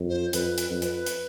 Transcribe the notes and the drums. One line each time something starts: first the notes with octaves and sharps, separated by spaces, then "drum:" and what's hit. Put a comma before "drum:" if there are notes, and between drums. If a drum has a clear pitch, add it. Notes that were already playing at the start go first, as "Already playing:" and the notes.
Already playing: F2
C5
F2 B4, drum: hi-hat
B4, drum: hi-hat
F2
C5, drum: hi-hat
B4
drum: hi-hat